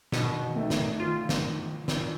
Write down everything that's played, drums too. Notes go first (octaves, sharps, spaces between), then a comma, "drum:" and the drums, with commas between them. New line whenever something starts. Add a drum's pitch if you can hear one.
B2, drum: snare
D#3 A3
drum: snare
F4
drum: snare
drum: snare